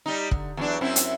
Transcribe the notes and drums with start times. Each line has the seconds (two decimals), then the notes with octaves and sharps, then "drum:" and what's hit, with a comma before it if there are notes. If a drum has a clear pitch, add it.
0.06 G3 D#4
0.31 D3, drum: kick
0.57 E2 F#3 D4
0.81 F#2 C4 E4
0.96 drum: hi-hat